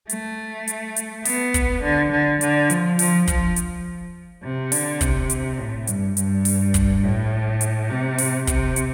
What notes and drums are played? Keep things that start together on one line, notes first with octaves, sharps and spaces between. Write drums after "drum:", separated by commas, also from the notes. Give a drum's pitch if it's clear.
A3, drum: hi-hat
drum: hi-hat
drum: hi-hat
B3, drum: open hi-hat
drum: kick, hi-hat
D3
D3
D3, drum: hi-hat
F3, drum: hi-hat
F3, drum: open hi-hat
F3, drum: kick, hi-hat
drum: hi-hat
C3
D3, drum: open hi-hat
C3, drum: kick, hi-hat
drum: hi-hat
A2
G2, drum: hi-hat
G2, drum: hi-hat
drum: open hi-hat
drum: kick, hi-hat
A2
drum: hi-hat
C3
drum: open hi-hat
C3, drum: kick, hi-hat
drum: hi-hat